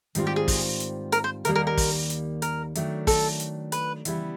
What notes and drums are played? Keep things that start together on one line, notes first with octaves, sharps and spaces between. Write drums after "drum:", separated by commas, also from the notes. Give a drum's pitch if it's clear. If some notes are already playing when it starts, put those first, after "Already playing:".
G#2 D#3 G3 C4 F4, drum: hi-hat
G4
G#4
drum: kick, open hi-hat
drum: hi-hat
A#4, drum: hi-hat
C5
D#2 D#3 G3 A#3 A#4, drum: hi-hat
A#4
A#4
drum: kick, open hi-hat
drum: hi-hat
A#4, drum: hi-hat
D#3 F#3 A3 D4, drum: hi-hat
A4, drum: kick, open hi-hat
drum: hi-hat
B4, drum: hi-hat
C#3 E3 G3 B3 E4, drum: hi-hat